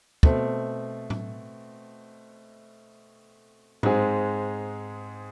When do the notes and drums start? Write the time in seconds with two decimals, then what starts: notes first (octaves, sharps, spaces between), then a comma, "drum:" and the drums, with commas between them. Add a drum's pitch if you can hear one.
0.23 B2 A3 C4, drum: kick
1.10 drum: tom A2
3.83 G#2 G#3 C4 G#4, drum: tom A2